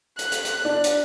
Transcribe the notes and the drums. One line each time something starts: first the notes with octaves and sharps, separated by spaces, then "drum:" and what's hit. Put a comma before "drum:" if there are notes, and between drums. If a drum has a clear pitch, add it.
F#6, drum: hi-hat
drum: hi-hat
drum: hi-hat
D4
drum: hi-hat